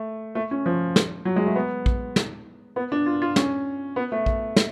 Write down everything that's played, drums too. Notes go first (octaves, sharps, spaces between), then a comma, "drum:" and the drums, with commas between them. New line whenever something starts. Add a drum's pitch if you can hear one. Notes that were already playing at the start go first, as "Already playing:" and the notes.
Already playing: A3
A3
C#4
F3
drum: snare
F#3
G#3
A3
B3
drum: kick A#1
drum: snare
B3
D4
F4
F4
C#4, drum: snare
B3
A3
drum: kick A#1
drum: snare